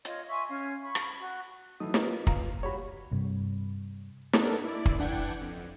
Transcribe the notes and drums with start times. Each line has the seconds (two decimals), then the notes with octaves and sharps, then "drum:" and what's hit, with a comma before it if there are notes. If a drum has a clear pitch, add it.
0.05 F4 C#5 D#5, drum: hi-hat
0.29 E5 G#5 C6 C#6
0.48 C#4 C#5 F5
0.82 B5 C#6
0.95 drum: rim click
1.18 F#4
1.80 E3 F#3 A3 D#4 D#6
1.94 E4 F4 A#4 B4 D#5, drum: snare
2.27 F5 A#5, drum: kick
2.63 G3 F#4 C#5 B5
3.11 G2 C3
4.33 B3 D4 D#4 A4 A#4, drum: snare
4.65 E4 D5
4.86 drum: kick
4.99 E3 D4 F#5 G5 G#6
5.41 F2